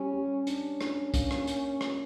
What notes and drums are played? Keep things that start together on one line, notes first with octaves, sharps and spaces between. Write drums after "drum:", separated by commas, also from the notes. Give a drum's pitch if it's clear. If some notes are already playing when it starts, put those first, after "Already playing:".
Already playing: G3 C#4
G3
C#4 D4, drum: hi-hat
D4, drum: rim click
A#3, drum: kick, hi-hat
drum: rim click
drum: hi-hat
drum: rim click